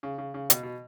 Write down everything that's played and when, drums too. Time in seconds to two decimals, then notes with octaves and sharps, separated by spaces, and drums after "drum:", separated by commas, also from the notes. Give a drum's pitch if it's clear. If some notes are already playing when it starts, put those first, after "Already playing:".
0.03 C#3
0.18 C#3
0.34 C#3
0.50 B2, drum: hi-hat
0.63 B2